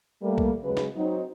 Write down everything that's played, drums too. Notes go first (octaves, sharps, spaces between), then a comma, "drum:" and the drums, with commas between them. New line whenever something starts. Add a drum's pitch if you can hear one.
G3 A3 A#3
drum: kick B1
C#3 F#3 G#3 B4
drum: snare
F#3 C4 D#4